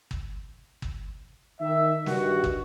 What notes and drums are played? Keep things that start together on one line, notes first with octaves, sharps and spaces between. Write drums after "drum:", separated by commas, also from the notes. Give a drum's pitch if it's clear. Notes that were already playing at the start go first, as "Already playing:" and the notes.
drum: kick
drum: kick
D#3 E5
G2 D#3 F#4, drum: snare
drum: kick